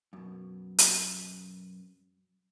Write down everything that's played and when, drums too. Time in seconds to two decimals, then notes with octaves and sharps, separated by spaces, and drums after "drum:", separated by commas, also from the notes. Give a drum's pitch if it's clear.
0.13 F#2 B2
0.79 drum: hi-hat